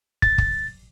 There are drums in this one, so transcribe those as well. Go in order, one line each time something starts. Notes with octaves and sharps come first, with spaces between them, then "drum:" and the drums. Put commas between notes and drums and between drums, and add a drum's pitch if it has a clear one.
A6, drum: kick
drum: kick